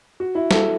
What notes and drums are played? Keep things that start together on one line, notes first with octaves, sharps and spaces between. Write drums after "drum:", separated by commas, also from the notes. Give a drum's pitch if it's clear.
F#4
E4
A4, drum: snare